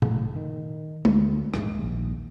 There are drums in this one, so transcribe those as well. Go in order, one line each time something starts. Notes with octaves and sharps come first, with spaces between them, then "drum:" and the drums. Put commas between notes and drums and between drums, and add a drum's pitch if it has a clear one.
F#1 A2, drum: tom A#2
D#3
D2, drum: tom G#3
D#1 A#1 G#2 G#3, drum: rim click
A#1 D#2